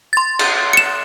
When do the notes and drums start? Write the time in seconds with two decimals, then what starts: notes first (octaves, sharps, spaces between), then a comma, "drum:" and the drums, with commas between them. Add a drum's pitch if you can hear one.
0.13 C6 A6
0.39 drum: cymbal
0.73 C#7 E7